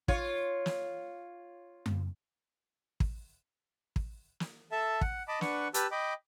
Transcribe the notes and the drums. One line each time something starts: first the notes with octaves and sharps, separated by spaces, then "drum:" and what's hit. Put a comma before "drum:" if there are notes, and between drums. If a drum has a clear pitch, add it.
F4 C#5, drum: kick
drum: snare
drum: tom F#2
drum: kick
drum: kick
drum: snare
A4 E5 A5
F#5, drum: kick
D#5 A5 B5 D6
D4 B4 F#5 C#6, drum: snare
G4 B4 A5 E6, drum: hi-hat
D#5 G5 B5 D6